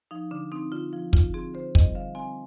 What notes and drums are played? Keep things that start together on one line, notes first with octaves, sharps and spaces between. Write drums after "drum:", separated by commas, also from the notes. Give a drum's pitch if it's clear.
F3 D#4
D3 D4
C4 D#4
D3 F4
F3 F4
D3 F4, drum: kick
C4 G#4
D3 C5
G3 D#5, drum: kick
D3 F5
C4 G#5